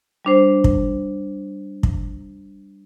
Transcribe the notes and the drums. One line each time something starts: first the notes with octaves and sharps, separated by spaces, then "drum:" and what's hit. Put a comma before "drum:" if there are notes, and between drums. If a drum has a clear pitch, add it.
G3 D4 C5
drum: kick
drum: kick